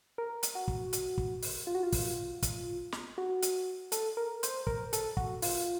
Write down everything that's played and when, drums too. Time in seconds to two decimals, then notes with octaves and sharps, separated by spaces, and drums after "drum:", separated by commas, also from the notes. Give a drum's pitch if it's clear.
0.18 A#4
0.43 drum: hi-hat
0.55 F#4
0.68 drum: kick
0.93 drum: hi-hat
1.18 drum: kick
1.43 drum: open hi-hat
1.67 F4
1.75 F#4
1.83 F4
1.93 drum: kick, open hi-hat
2.42 drum: kick, hi-hat
2.92 drum: snare
3.18 F#4
3.42 drum: hi-hat
3.92 A4, drum: hi-hat
4.17 A#4
4.43 C5, drum: hi-hat
4.67 A#4, drum: kick
4.93 A4, drum: hi-hat
5.17 F#4, drum: kick
5.42 F4, drum: open hi-hat